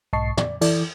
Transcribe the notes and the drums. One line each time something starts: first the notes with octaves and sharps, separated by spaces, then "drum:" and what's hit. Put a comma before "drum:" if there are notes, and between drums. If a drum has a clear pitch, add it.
B1 G#2 D#5 A5 C#6 C7
D5, drum: tom
E3 E4 A4 D5, drum: cymbal